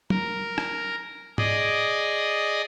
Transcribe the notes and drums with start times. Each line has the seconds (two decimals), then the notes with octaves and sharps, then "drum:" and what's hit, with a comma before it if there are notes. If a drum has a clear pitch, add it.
0.10 A#4, drum: tom
0.58 drum: rim click
1.38 G#4 D5 D#5, drum: tom